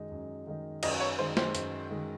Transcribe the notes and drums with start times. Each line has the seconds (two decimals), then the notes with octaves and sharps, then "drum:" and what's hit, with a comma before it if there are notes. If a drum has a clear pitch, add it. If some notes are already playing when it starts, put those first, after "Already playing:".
Already playing: F#2 D#3 G#3 D#4
0.12 F#2
0.47 D#3 G#3 D#4
0.83 F#2 D#5, drum: cymbal
1.00 C#5
1.18 D#3 G#3 D#4 C5
1.37 C5, drum: snare
1.55 F#2, drum: hi-hat
1.91 D#3 G#3 D#4